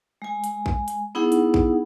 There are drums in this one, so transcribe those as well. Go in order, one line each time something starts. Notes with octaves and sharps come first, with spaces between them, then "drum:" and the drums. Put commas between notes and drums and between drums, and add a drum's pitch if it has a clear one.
G#3 G#5
drum: hi-hat
drum: kick
drum: hi-hat
B3 D#4 E4 G#4 F#5
drum: hi-hat
drum: kick